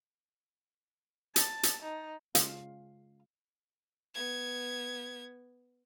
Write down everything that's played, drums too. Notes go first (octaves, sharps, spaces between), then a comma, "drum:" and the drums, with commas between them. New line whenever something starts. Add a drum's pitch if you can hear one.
A5, drum: hi-hat
drum: hi-hat
D#4
C#3 G#3 F4 F5, drum: hi-hat
B3 G#6